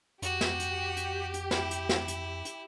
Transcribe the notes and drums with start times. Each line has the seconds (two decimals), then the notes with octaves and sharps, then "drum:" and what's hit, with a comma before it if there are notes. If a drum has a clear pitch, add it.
0.22 F2 F#4 G4, drum: hi-hat
0.41 drum: snare
0.59 drum: hi-hat
0.97 drum: hi-hat
1.34 drum: hi-hat
1.51 E4, drum: snare
1.71 drum: hi-hat
1.89 drum: snare
2.08 drum: hi-hat
2.45 drum: hi-hat